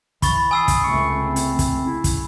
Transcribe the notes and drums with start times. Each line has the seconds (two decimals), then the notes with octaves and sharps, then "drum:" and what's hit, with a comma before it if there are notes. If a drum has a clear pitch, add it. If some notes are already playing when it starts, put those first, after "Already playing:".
0.22 E3 B5 C#6 A6, drum: kick, hi-hat
0.51 G#5 D#6 E6 C7
0.68 drum: kick, hi-hat
0.83 C#2 C3 A3 C#6
1.21 C4
1.36 drum: hi-hat
1.59 drum: kick, hi-hat
1.86 C#3 E4
2.04 drum: kick, hi-hat